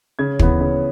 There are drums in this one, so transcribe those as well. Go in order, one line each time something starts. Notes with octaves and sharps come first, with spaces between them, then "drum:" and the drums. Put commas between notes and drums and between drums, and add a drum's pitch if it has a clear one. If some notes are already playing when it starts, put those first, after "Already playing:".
C#3 G#6
E3 B3, drum: kick
C#3